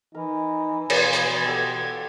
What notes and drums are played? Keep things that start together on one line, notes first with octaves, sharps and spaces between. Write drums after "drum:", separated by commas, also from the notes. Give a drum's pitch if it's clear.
E3 D#4 A#4
B2 A#5 C6 G#6, drum: cymbal
drum: hi-hat
G4 A4 F#5